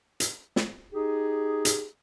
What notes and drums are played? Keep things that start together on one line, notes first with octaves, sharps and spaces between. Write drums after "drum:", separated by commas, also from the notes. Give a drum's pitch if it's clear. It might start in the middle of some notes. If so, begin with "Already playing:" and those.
drum: hi-hat
drum: snare
D#4 G4 G#4
drum: hi-hat